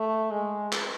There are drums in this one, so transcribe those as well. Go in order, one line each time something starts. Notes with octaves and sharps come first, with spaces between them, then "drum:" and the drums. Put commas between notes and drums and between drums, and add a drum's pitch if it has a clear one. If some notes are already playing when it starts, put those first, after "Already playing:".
Already playing: A3
G#3
drum: clap